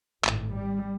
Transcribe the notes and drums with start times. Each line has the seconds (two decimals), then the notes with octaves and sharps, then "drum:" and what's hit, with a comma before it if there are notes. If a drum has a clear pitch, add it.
0.24 G#1 A2, drum: clap
0.53 G3